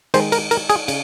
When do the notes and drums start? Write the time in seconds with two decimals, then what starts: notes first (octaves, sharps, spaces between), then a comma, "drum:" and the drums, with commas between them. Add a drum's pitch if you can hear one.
0.14 D#3 G#3 C5, drum: cymbal
0.32 A#4, drum: cymbal
0.51 A#4, drum: cymbal
0.70 G#4, drum: cymbal
0.88 C#3, drum: cymbal